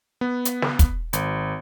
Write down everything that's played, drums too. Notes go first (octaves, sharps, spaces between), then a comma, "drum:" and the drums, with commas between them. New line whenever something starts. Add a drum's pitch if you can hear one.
B3
drum: hi-hat
drum: snare
drum: kick, hi-hat
G#1, drum: hi-hat